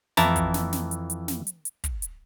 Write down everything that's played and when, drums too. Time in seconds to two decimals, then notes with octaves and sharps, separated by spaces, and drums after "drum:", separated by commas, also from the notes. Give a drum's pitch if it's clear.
0.17 F2 E3 E4 A5 A#5, drum: snare
0.36 drum: kick, hi-hat
0.54 drum: snare
0.73 drum: snare
0.91 drum: hi-hat
1.10 drum: hi-hat
1.28 drum: snare
1.47 drum: hi-hat
1.65 drum: hi-hat
1.84 drum: kick, hi-hat
2.02 drum: hi-hat